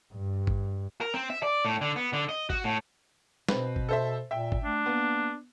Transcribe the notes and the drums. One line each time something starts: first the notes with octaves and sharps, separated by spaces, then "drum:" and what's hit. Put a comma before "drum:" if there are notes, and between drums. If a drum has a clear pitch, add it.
G2
drum: kick G#1
A#4
C4
E5
D5
A2
D3
B3
D3
D#5
F#4, drum: kick G#1
A2
B2 C4 B4, drum: snare
drum: kick G#1
A4 C5 E5
A#2 E5 G5
drum: kick G#1
A3 D4
A#3 B3